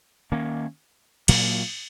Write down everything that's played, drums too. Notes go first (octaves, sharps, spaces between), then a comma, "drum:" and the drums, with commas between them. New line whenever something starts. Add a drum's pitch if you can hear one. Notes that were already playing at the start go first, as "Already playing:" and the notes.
D#3 A#3 C#4
A#2 F#3 A#3, drum: cymbal